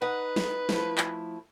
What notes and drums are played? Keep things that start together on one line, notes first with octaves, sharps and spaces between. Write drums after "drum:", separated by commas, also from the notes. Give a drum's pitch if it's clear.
D#4 B4 F#5
drum: snare
F3 A3 E4, drum: snare
drum: clap